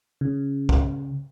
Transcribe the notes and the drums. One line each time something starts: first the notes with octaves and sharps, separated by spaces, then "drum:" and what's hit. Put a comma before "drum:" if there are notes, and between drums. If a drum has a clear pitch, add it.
C#3
drum: kick